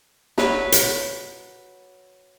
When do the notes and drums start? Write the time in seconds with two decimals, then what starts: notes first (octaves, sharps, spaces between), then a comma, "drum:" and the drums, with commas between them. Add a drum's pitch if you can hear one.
0.38 F#3 B4, drum: snare
0.72 drum: hi-hat